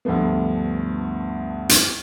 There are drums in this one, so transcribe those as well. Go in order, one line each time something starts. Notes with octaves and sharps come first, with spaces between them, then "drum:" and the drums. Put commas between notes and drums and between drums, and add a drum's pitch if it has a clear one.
D2 G2 F3 A3 B3
drum: hi-hat